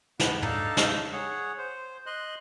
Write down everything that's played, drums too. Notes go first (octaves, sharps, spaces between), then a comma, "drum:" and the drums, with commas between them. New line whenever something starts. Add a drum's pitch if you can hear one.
B3 B4, drum: snare
D4 D#4 A4 F5 A5 A#5, drum: tom
drum: snare
G#4 C#5 F#5
C5
D#5 C6 F#6